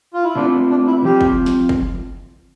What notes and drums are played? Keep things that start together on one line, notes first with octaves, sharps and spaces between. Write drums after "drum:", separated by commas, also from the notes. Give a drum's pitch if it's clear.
F4
E4
B2 A3 C4 D4 F4
D4
E4
F3 C4 F4 G4
drum: kick
drum: snare
drum: kick